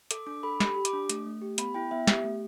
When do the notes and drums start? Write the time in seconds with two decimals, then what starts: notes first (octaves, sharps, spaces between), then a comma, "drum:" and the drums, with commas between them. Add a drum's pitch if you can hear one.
0.11 A4 D6, drum: hi-hat
0.27 D4 D6
0.43 A4 B5
0.60 G4 B5, drum: snare
0.76 G4
0.85 D6, drum: hi-hat
0.93 D4
1.10 A3, drum: hi-hat
1.26 A3
1.42 G4
1.58 B3 B5, drum: hi-hat
1.74 E4 G5
1.91 B3 E5
2.07 G4, drum: snare
2.24 A3